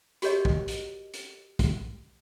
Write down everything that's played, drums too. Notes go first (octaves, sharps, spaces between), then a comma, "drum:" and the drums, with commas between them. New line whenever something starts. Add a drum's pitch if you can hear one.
F#4 G4 A#4 C#5 D#5, drum: hi-hat
drum: kick
drum: hi-hat
drum: hi-hat
drum: kick, hi-hat